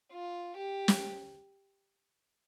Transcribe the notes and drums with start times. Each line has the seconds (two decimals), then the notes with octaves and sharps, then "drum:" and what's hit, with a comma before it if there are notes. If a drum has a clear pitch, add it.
0.13 F4
0.57 G4
0.88 drum: snare